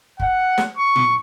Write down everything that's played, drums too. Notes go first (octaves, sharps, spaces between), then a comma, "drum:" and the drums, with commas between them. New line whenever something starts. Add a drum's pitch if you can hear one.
F#5, drum: kick
drum: snare
C#6
drum: tom A#2